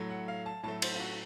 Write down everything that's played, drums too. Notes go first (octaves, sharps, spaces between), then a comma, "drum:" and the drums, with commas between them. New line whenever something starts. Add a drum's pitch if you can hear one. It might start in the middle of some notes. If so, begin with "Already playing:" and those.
Already playing: A2 F#3 A3
F#5
F5
A5
A2 F#3 A3 A5
C5, drum: cymbal
F4
F#4